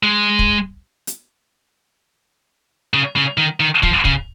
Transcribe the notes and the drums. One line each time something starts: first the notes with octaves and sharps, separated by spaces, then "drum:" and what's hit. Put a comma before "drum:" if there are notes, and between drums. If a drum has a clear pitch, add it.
G#3
drum: kick
drum: hi-hat
C#3
C#3
D#3
D#3
F3, drum: kick
C#3, drum: kick